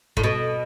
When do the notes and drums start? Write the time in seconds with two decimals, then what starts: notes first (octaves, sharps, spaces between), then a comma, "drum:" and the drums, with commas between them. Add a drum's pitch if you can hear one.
0.17 A2, drum: kick
0.23 B2